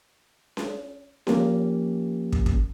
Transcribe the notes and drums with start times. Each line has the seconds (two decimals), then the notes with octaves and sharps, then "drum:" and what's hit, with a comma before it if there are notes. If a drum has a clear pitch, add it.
0.57 drum: snare C#4
1.27 F3 A#3 C#4 G4, drum: snare C#4
2.32 drum: kick
2.46 drum: kick